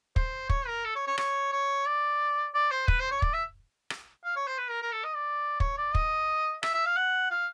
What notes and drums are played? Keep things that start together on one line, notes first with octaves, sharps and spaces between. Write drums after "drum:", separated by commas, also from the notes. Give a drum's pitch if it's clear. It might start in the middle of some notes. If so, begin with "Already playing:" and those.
C5, drum: kick
C#5, drum: kick
A#4
A4
C#5
C#5
C#5, drum: rim click
C#5
D5
D5
C5
B4, drum: kick
C5
C#5
D5, drum: kick
E5
drum: rim click
F5
C#5
C5
B4
A#4
A#4
A4
D#5
D5
C#5, drum: kick
D5
D#5, drum: kick
E5, drum: rim click
E5
F5
F#5
F5